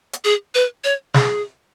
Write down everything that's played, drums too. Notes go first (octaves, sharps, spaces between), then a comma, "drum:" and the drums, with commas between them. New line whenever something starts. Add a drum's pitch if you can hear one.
drum: hi-hat
G#4
B4
C#5
G#4, drum: snare